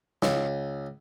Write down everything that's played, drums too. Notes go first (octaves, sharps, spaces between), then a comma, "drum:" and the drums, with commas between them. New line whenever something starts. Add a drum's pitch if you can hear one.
C#2, drum: snare